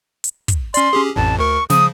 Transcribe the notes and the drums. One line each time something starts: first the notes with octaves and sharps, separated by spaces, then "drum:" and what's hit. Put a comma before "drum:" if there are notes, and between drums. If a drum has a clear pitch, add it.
drum: hi-hat
drum: kick, hi-hat
C#4 D5 C6, drum: hi-hat
C#4 G4 G#4
A1 F2 A2 A5
D2 A#4 C#6
C#3 F3 D#6, drum: snare